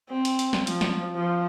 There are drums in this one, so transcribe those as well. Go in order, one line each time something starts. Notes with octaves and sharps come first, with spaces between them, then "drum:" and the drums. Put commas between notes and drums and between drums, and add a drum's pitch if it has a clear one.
C4
drum: hi-hat
drum: hi-hat
drum: snare
F3, drum: hi-hat
drum: snare
F3